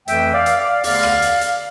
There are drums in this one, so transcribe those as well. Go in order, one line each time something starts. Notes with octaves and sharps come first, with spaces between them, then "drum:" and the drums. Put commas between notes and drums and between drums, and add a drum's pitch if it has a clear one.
F2 E3 A3 E5 G5, drum: hi-hat
D5 F5
drum: hi-hat
D5 F5
E2 D3 A3 D5 F5, drum: open hi-hat
drum: rim click
drum: hi-hat
drum: hi-hat